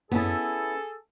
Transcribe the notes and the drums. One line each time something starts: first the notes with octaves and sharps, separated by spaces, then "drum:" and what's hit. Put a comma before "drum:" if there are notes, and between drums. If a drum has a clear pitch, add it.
B3 C#4 E4 G#4 A4, drum: tom F#2